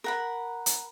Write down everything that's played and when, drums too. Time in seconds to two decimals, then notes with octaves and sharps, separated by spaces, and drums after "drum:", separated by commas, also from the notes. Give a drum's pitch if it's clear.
0.04 A#4 F#5 B5
0.66 drum: hi-hat